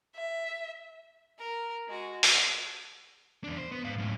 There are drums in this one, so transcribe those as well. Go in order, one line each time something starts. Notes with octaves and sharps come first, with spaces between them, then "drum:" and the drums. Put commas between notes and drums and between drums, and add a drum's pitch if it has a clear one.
E5
A#4
G#3 F#4
drum: open hi-hat
E2 D4
C5
B3
G#2 F5
F#2 A2